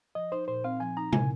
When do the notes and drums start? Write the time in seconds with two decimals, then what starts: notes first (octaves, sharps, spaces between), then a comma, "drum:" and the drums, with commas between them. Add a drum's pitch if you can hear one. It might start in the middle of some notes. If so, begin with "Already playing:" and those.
0.15 F3 D#5
0.32 D#4 C5
0.48 A#2 C5
0.64 C4 F5
0.80 F3 G#5
0.97 D#4 A#5
1.13 A#2 G#5, drum: tom C3